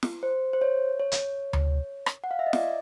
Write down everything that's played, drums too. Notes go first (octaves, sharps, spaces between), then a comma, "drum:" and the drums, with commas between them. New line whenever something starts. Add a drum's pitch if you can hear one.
drum: snare
C5
C5
C#5
C#5
drum: hi-hat
drum: tom D2
drum: rim click
F#5
F5
E5
D#5
D5, drum: snare